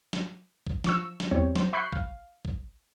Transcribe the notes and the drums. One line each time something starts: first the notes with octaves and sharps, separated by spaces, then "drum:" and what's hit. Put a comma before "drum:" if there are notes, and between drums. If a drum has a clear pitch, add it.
drum: snare
drum: kick B1
F3 C#6 E6, drum: snare
drum: snare
E2 G3 C4 C#5
F#3 C5, drum: snare
E5 B5 C#6 F#6 G6 C7
F5, drum: kick B1
drum: kick B1